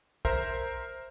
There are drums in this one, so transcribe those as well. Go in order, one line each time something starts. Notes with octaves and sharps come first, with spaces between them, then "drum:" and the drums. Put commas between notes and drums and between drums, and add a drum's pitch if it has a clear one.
A#4 C5 E5, drum: kick